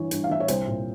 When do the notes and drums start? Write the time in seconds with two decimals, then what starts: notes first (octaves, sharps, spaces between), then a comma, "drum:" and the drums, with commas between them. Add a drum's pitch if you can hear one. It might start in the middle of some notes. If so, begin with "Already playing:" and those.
Already playing: G2 E3 C#5
0.11 G2, drum: hi-hat
0.24 F5
0.29 E3 E5
0.40 C#5
0.48 C2 C5, drum: hi-hat
0.67 A#2